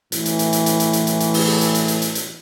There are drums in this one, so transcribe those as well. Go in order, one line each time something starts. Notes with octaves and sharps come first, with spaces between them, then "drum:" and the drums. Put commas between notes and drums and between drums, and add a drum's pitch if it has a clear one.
A2 E3, drum: hi-hat
drum: hi-hat
drum: hi-hat
drum: hi-hat
drum: hi-hat
drum: hi-hat
drum: hi-hat
drum: hi-hat
drum: hi-hat
drum: open hi-hat
drum: hi-hat
drum: hi-hat
drum: hi-hat
drum: hi-hat
drum: hi-hat